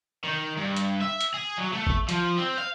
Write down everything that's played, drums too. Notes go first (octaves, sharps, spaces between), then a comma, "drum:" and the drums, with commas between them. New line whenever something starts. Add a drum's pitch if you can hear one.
D#3
G2
drum: hi-hat
E5
drum: hi-hat
G#4
F#3
A3
drum: kick G#1
F3, drum: hi-hat
C4
F5